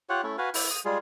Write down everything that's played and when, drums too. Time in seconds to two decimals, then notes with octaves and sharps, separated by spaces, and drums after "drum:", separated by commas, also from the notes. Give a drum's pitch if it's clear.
0.09 F4 G4 C#5 F#5
0.23 A3 C#4 E4
0.38 F#4 B4 F5 G#5
0.54 E4, drum: open hi-hat
0.71 D#6
0.85 G3 G#3 F4 G#4